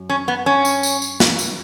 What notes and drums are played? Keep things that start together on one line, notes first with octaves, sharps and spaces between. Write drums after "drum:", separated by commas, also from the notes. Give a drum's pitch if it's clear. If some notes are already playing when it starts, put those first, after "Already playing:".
Already playing: F#2
C#4
B3
C#4
drum: tambourine
drum: tambourine
drum: tambourine
drum: snare
drum: tambourine